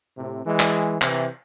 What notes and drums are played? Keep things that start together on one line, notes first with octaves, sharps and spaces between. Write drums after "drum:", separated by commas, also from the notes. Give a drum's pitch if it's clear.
A2 C3
E3 G#3
drum: clap
C3 E3, drum: clap